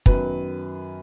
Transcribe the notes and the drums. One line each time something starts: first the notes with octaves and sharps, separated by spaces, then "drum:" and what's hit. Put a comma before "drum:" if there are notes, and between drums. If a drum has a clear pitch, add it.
F#2 D#3 F#3 B3 B4, drum: kick